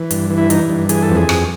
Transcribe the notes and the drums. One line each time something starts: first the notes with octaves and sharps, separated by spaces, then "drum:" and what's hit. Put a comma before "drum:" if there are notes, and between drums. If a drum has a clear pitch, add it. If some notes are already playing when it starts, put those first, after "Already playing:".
Already playing: E3
G2, drum: hi-hat
E3
E4
E3 D#4, drum: hi-hat
G2
E3 G#4, drum: hi-hat
A4
F2
G#4
F2, drum: rim click